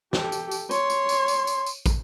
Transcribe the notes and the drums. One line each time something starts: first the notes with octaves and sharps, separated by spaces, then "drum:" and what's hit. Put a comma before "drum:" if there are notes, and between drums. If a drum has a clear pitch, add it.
G4 A4, drum: snare
drum: tambourine
drum: tambourine
C#5 C6, drum: tambourine
drum: tambourine
drum: tambourine
drum: tambourine
drum: tambourine
drum: tambourine
drum: kick, tambourine